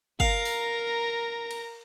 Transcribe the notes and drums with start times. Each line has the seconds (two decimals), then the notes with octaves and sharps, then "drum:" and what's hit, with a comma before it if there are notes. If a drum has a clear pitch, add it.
0.20 A#4 F5 A#5, drum: kick
0.45 drum: open hi-hat
1.51 drum: cymbal